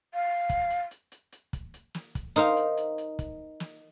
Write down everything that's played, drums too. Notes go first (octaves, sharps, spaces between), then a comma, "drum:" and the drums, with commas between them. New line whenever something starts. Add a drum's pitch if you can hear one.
F5
drum: kick, hi-hat
drum: hi-hat
drum: hi-hat
drum: hi-hat
drum: hi-hat
drum: kick, hi-hat
drum: hi-hat
drum: snare
drum: kick, hi-hat
D#4 A#4 C5 F5, drum: hi-hat
drum: hi-hat
drum: hi-hat
drum: hi-hat
drum: kick, hi-hat
drum: snare